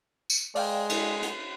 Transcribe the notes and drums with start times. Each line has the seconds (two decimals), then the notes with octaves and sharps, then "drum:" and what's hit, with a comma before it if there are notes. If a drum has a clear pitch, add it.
0.30 drum: tambourine
0.55 G#3 D5 F5 G5, drum: open hi-hat
0.89 drum: cymbal
1.23 drum: hi-hat